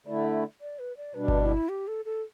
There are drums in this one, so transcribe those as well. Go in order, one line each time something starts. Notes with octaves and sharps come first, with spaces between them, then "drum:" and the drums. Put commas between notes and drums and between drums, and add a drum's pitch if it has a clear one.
D3 A3 E4 D5
E5
D5
B4
D5
B2 G3 D4 B4
drum: kick G1
E4
G4
A4
A4